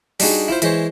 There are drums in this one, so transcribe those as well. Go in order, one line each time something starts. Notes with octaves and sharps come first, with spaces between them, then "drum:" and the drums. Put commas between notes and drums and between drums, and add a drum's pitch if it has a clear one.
G3 D4 D#4 F#4 G#4, drum: open hi-hat
E4 F4 C5
E3 G#3 C5 C#5, drum: hi-hat